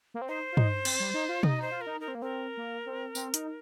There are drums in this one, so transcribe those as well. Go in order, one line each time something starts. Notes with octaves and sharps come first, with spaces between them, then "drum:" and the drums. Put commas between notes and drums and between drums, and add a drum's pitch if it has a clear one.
A#3
C4
D#4 C5
F4
D#4, drum: tom
C4, drum: cymbal
G3
D#4
F4
D#4 D#5, drum: tom
D#4 C5
F4
A#4
D#4
D#4 A#4
C4
A#3
C4 A#4
A#3
C4
C4, drum: tambourine
D#4, drum: hi-hat